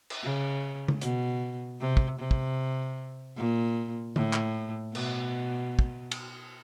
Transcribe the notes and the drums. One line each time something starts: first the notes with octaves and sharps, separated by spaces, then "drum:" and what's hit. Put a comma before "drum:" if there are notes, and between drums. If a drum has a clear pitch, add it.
drum: cymbal
C#3
drum: tom C#3
B2, drum: hi-hat
C3
drum: kick
C3
drum: kick
A#2
A2, drum: tom D3
drum: clap
B2, drum: cymbal
drum: kick
drum: cymbal